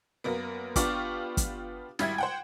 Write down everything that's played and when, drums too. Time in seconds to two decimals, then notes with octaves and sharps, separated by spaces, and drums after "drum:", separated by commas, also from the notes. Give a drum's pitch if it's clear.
0.24 F#2 A#3 B3
0.76 B3 D4 F4 G4 C#6 D6, drum: kick, hi-hat
1.37 drum: kick, hi-hat
1.99 G#1 G3 E4 G#6, drum: snare
2.18 C5 F#5 G5